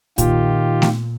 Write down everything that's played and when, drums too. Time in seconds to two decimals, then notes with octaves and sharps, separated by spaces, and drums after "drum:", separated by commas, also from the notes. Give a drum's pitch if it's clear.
0.18 A#2 D#3 F4 G4, drum: kick, hi-hat
0.82 drum: snare A3